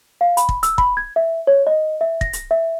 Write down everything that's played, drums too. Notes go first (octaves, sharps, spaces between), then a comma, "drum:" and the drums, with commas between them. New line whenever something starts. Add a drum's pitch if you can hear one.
F5
B5, drum: hi-hat
drum: kick
E6, drum: hi-hat
B5, drum: kick
G#6
E5
C#5
D#5
E5
A#6, drum: kick
drum: hi-hat
E5